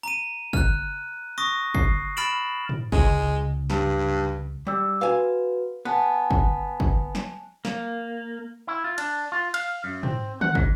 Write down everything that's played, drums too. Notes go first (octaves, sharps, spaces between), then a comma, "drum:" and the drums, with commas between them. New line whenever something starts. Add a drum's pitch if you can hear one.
A#5 D#7
F6 F#6, drum: kick
C#6 D#6 A#6
C7, drum: kick
B5 F6 A6 D7 E7 F#7
drum: tom G#2
C#2 G#3, drum: kick
G2, drum: snare
G3 D6 E6
F#4 B4 F5 G#5
B3 G#5 A5 F#6
drum: kick
drum: kick
drum: snare
A#3, drum: snare
E4
F4
D4, drum: cymbal
F4
F5, drum: cymbal
F#2
C4, drum: tom G#2
F#5, drum: tom D3
G#2, drum: kick